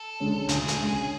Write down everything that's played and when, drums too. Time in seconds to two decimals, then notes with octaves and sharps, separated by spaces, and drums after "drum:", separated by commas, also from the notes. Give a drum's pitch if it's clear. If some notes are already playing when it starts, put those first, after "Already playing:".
Already playing: A4
0.20 D3 G#3 C#4
0.49 D2 G#4, drum: hi-hat
0.68 drum: hi-hat
0.78 D3 G#3 C#4